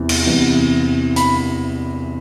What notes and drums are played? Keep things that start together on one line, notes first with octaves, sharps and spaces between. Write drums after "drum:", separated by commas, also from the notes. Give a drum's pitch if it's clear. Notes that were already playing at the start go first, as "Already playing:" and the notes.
Already playing: E2 C3 E3
drum: cymbal
E2 C3 E3
B5, drum: hi-hat